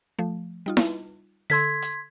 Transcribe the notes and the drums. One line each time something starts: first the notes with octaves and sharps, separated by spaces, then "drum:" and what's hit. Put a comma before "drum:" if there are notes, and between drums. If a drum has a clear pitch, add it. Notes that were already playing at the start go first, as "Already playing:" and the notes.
F3 A3
G3 D#4 F4
drum: snare E4
D3 A4 C6 E6 G#6 B6
drum: hi-hat